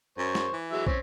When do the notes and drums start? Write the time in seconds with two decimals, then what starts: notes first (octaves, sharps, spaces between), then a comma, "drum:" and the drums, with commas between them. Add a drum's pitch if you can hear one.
0.18 F#2 C5 C#6
0.35 drum: snare
0.53 E3
0.72 F#3 G#3 E5
0.87 C4 C#4 C#5, drum: kick